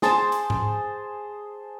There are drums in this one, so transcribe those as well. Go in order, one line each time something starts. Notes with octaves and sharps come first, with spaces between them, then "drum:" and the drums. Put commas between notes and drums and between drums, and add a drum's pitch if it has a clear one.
G#4 C5 A5, drum: snare
drum: hi-hat
drum: tom G#2